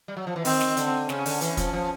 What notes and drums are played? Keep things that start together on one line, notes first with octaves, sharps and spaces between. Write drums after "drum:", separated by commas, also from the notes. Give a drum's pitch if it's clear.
G3
F#3
F3
E3
D#3 C4, drum: open hi-hat
drum: snare
D3, drum: hi-hat
C#3 C#4, drum: snare
D3, drum: open hi-hat
E3, drum: hi-hat
F3, drum: kick, hi-hat
F3